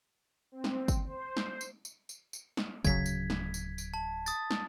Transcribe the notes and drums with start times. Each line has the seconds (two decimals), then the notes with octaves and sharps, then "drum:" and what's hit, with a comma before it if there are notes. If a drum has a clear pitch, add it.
0.52 C4
0.64 drum: snare
0.88 drum: kick, tambourine
1.07 C5
1.37 drum: snare
1.61 drum: tambourine
1.85 drum: tambourine
2.09 drum: tambourine
2.33 drum: tambourine
2.57 drum: snare
2.84 D1 C#3 F#3 G#6 B6, drum: kick, tambourine
3.06 drum: tambourine
3.30 drum: snare
3.54 drum: tambourine
3.78 drum: tambourine
3.94 A5
4.26 D#6 A6, drum: tambourine
4.51 drum: snare